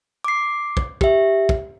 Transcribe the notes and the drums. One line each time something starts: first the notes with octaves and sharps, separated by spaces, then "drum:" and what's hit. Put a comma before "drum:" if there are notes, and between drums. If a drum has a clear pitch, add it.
D6 C7
drum: kick
G4 E5, drum: kick
drum: kick